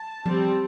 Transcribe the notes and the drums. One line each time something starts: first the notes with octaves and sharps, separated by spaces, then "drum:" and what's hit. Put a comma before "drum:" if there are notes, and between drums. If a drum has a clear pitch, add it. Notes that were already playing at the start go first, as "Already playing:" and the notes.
Already playing: A5
G3 C4, drum: tom F3